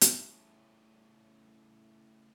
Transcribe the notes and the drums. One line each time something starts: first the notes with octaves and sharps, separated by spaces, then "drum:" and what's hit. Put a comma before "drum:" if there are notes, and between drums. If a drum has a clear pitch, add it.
A2 C#3, drum: hi-hat